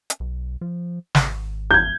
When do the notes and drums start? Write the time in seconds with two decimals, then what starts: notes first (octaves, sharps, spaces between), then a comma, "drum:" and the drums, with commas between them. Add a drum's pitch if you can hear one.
0.10 drum: hi-hat
0.20 B1
0.61 F3
1.15 G#1, drum: snare
1.71 G6 G#6